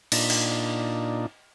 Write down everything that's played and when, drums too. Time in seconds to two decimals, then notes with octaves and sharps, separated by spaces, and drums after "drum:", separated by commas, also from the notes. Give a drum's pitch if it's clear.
0.12 A#2 D4 D#4, drum: cymbal
0.30 drum: cymbal